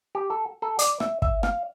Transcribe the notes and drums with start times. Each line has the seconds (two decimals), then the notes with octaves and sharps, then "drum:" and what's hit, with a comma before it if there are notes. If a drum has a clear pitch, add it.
0.15 G4
0.30 A4
0.62 A4
0.79 D5, drum: hi-hat
1.00 E5, drum: rim click
1.22 E5, drum: kick
1.43 F5, drum: rim click